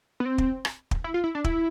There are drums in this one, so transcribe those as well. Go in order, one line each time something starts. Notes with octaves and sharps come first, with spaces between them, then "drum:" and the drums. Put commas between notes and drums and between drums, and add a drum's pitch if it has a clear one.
B3
C4
drum: kick
drum: rim click
drum: kick
E4
F4
E4
D4
E4, drum: kick